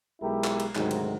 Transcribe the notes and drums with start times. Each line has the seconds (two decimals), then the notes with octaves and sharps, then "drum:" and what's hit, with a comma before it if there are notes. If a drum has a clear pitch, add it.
0.20 B1 G#3 E4 G4 A#4
0.44 drum: clap
0.60 drum: cymbal
0.75 D2 G#2 C3 D#3 F#3, drum: clap
0.91 drum: cymbal